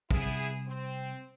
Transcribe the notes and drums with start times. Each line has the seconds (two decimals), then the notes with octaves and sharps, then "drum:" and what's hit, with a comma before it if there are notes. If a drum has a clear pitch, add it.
0.11 C3 G3 B3 E4 G#4, drum: kick
0.66 C4